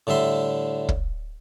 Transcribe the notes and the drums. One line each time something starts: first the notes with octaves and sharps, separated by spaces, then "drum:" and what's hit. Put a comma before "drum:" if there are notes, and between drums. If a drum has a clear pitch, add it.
A2 D3 G3 E5 C6
drum: kick